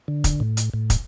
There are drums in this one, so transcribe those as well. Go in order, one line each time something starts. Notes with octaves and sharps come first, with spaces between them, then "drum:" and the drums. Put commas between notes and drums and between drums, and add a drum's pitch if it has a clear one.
D3
drum: kick, hi-hat
A2
drum: hi-hat
A2
drum: kick, hi-hat